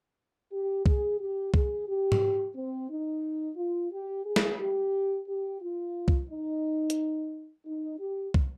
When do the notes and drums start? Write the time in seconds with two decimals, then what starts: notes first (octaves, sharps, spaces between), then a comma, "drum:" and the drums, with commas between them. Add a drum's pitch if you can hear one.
0.51 G4
0.86 G#4, drum: kick C2
1.20 G4
1.54 G#4, drum: kick C2
1.88 G4
2.12 drum: tom G#2
2.55 C4
2.89 D#4
3.57 F4
3.92 G4
4.25 G#4
4.36 drum: snare
4.59 G4
5.28 G4
5.61 F4
6.08 drum: kick C2
6.30 D#4
6.90 drum: hi-hat
7.65 D#4
7.99 G4
8.34 drum: kick C2